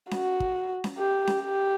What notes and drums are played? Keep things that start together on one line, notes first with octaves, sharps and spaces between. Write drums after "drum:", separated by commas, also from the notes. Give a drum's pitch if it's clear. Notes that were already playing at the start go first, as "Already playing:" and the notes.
F#4, drum: snare C#4
drum: kick
drum: snare C#4
G4
drum: snare C#4
G4